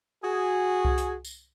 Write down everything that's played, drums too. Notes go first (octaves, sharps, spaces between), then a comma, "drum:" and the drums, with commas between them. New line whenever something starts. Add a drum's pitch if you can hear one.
F#4 G#4
drum: kick C2
drum: hi-hat
drum: tambourine